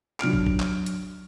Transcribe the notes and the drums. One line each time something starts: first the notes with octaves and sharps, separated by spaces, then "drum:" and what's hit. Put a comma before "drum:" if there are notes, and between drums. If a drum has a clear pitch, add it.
F#3 D4 F6 D7, drum: clap
drum: kick
drum: kick
drum: clap
drum: hi-hat